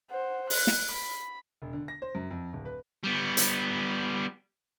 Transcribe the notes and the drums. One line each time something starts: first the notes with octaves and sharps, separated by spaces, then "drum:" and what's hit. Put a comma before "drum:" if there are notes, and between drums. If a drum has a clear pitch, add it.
C5 F#5
F#6, drum: open hi-hat
drum: snare
B5
E1
D3
A#6
C5
F#2
F2
D1
B4
G3 B3
drum: hi-hat